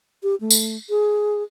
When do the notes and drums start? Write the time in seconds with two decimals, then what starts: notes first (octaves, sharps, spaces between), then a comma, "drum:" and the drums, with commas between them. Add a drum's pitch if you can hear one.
0.23 G4
0.41 A3
0.50 drum: tambourine
0.90 G#4